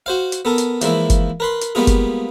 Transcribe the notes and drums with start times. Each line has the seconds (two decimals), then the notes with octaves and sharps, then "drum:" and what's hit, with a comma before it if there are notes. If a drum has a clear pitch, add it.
0.06 F#4 C5 F5
0.32 drum: hi-hat
0.45 B3 A4 A#4
0.58 drum: hi-hat
0.81 E3 F3 G#3 A#3 E4, drum: hi-hat
1.10 drum: kick F#1, hi-hat
1.40 A#4 B4 C6
1.61 drum: hi-hat
1.75 G3 G#3 A#3 B3 F4 G#4
1.87 drum: kick F#1, hi-hat